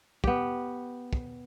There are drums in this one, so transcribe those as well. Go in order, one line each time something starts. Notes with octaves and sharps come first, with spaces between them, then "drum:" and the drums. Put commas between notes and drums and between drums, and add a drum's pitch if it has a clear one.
B3 G4, drum: kick
drum: kick